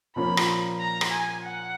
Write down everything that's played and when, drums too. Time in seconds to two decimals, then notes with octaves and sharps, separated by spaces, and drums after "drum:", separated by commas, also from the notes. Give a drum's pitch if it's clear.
0.16 A#2 F3 A#3 C#4 B5
0.37 drum: rim click
0.80 A#5
1.01 drum: rim click
1.12 G#5
1.44 F#5